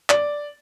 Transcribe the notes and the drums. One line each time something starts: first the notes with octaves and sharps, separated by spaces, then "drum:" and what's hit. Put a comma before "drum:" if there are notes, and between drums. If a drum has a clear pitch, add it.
D5, drum: clap